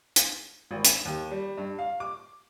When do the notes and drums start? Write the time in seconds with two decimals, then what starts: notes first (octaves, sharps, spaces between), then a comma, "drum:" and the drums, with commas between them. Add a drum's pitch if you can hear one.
0.16 drum: hi-hat
0.71 G#1
0.85 E7, drum: hi-hat
1.05 D#2
1.31 G3
1.57 G2
1.79 F5
2.00 D6